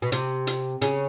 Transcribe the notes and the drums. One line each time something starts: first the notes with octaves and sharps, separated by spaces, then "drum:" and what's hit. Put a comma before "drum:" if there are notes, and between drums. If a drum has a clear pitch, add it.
B2
C3, drum: hi-hat
drum: hi-hat
C#3, drum: hi-hat